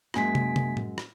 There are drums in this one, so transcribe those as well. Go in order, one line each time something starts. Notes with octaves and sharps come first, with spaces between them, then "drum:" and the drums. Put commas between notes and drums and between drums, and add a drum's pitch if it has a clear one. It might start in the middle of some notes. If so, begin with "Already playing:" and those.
F#2 G#3 A#3 G#5 B6, drum: rim click
drum: tom
drum: tom
drum: tom A2
drum: rim click